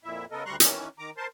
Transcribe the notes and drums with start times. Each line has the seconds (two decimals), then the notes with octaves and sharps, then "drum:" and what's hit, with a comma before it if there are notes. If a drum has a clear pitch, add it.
0.04 F2 A#2 E4 E5
0.31 C#3 B3 A4 A#4 D#5
0.46 D2 G3 A#5 C6 C#6 F#6
0.60 D#3 E3 C#4, drum: hi-hat
0.98 D#3 A#5 D6
1.17 A#4 C5 A5 C6